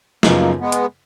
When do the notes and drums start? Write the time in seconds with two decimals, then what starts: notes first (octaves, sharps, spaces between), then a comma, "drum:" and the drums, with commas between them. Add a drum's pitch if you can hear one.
0.23 F#2 C#3 F3 A#3 B3 D#4, drum: snare
0.60 G#3 B3
0.72 drum: hi-hat